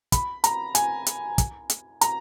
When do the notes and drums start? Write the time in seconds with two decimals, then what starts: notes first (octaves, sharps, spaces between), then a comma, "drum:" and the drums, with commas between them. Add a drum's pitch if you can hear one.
0.12 B5, drum: kick, hi-hat
0.44 A#5, drum: hi-hat
0.75 G#5, drum: hi-hat
1.06 drum: hi-hat
1.38 drum: kick, hi-hat
1.70 drum: hi-hat
2.01 A#5, drum: hi-hat